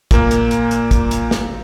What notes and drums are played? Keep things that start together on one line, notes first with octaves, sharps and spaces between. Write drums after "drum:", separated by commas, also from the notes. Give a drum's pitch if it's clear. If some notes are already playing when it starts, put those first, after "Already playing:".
A#2 A#3, drum: kick, hi-hat
drum: hi-hat
drum: hi-hat
drum: hi-hat
drum: kick, hi-hat
drum: hi-hat
drum: snare